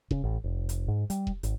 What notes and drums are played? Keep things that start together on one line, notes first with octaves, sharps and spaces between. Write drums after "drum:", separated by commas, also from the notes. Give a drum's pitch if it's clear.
C#3, drum: kick E1
A1
F1
drum: hi-hat
G#2
G3, drum: hi-hat
drum: kick E1
G#1, drum: hi-hat